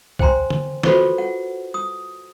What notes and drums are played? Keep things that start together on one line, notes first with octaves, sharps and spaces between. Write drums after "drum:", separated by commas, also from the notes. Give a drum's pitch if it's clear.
C5 G5 G#5 A#5 C6, drum: kick B1
drum: tom D3
F4 F#4 A4 B4 C5 C#6, drum: snare
F#5
D#6